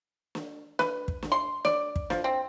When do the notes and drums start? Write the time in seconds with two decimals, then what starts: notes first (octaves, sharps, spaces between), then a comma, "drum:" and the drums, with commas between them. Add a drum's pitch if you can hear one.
0.35 drum: snare
0.79 B4, drum: snare
1.08 drum: kick
1.23 drum: snare
1.32 C6
1.65 D5, drum: snare
1.96 drum: kick
2.10 F3, drum: snare
2.24 C4